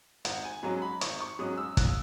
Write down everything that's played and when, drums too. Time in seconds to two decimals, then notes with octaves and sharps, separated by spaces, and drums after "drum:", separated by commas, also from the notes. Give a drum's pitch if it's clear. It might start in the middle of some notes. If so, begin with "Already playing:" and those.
0.25 G#1 F#5, drum: hi-hat
0.44 G#5
0.63 G#2 F#3 C#4 A#5
0.82 B5
1.01 G#1 C#6, drum: hi-hat
1.20 C#6
1.39 G#2 F#3 C#4 D#6
1.58 E6
1.77 A#1 F#6, drum: kick, hi-hat